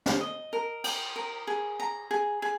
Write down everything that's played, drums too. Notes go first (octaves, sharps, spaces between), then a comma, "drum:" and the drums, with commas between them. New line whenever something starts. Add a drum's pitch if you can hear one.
drum: snare
D#5
A#4
G5, drum: cymbal
A#4
G#4
A#5
G#4
G#4